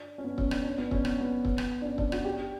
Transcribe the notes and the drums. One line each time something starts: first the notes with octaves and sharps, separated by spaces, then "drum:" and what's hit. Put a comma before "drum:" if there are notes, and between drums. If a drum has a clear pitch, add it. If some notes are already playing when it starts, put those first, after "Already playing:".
Already playing: D4
C#4
B3
C#4, drum: kick
D4, drum: rim click
D4
B3
C#4, drum: kick
B3, drum: rim click
B3
drum: kick
drum: rim click
D4
C#4
D4, drum: kick
F#4, drum: rim click
G4